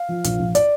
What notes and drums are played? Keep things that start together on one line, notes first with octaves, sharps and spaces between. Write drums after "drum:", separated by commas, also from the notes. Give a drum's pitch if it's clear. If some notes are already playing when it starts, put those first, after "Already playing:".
Already playing: F5
F3
A#1, drum: hi-hat
A#1
D5, drum: hi-hat